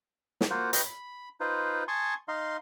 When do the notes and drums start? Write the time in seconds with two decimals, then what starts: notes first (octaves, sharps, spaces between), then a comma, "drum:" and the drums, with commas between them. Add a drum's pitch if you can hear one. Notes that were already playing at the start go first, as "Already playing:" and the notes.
0.41 drum: snare
0.50 A#3 F4 F#4 C5
0.73 B4 D#5 G5 A#5 B5 C#6, drum: hi-hat
0.86 B5
1.40 D#4 F4 B4 C5
1.88 G#5 A5 C6 C#6 D#6
2.28 D#4 D#5 F5 C6